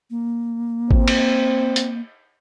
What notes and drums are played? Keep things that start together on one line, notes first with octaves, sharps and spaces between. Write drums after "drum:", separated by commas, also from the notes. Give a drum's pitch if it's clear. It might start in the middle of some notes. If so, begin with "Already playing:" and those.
A#3
C4, drum: kick G#1
drum: cymbal
drum: hi-hat